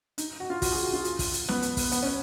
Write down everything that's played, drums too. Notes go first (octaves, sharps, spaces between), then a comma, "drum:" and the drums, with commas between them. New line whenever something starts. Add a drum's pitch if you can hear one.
D#4, drum: hi-hat
F#4
F4
F#4, drum: kick, open hi-hat
G#4
F#4
F4
drum: hi-hat
drum: kick, open hi-hat
drum: hi-hat
B3, drum: snare
drum: hi-hat
drum: kick, open hi-hat
B3, drum: hi-hat
C#4